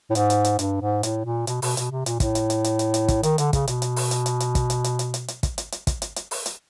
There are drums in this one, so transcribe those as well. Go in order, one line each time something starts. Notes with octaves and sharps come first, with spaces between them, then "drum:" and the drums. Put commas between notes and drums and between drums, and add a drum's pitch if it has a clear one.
A2
G#2, drum: hi-hat
drum: hi-hat
drum: hi-hat
G2, drum: hi-hat
G#2
A2, drum: hi-hat
A#2
B2, drum: hi-hat
B2, drum: open hi-hat
B2, drum: hi-hat
C3
A#2, drum: hi-hat
A2, drum: kick, hi-hat
drum: hi-hat
drum: hi-hat
drum: hi-hat
drum: hi-hat
drum: hi-hat
drum: kick, hi-hat
D#3, drum: hi-hat
D3, drum: hi-hat
C#3, drum: kick, hi-hat
B2, drum: hi-hat
drum: hi-hat
drum: open hi-hat
drum: hi-hat
drum: hi-hat
drum: hi-hat
drum: kick, hi-hat
drum: hi-hat
drum: hi-hat
drum: hi-hat
drum: hi-hat
drum: hi-hat
drum: kick, hi-hat
drum: hi-hat
drum: hi-hat
drum: kick, hi-hat
drum: hi-hat
drum: hi-hat
drum: open hi-hat
drum: hi-hat